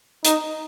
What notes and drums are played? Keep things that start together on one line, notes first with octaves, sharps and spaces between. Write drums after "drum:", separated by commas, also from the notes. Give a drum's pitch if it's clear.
D#4, drum: hi-hat